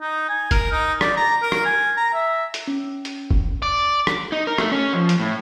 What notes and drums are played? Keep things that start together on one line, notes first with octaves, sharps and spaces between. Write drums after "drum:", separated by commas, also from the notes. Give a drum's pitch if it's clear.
D#4
G#5
A#4, drum: kick F1, hi-hat
D#4
D5, drum: rim click
A#5
A#4
drum: rim click
G#5
A#5
E5
drum: hi-hat
C#4
drum: hi-hat
drum: kick F1
D5
drum: rim click
D#4
A#4
A3, drum: rim click
C#4
F3
drum: hi-hat
A2